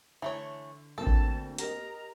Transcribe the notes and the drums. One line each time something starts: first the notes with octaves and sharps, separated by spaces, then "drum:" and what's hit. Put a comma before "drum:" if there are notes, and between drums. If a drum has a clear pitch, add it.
D3 E3 A3 C#5
D2 D3 A#3 C4 A4 A5
drum: kick A1
G4 A#4 D#5 A#5, drum: hi-hat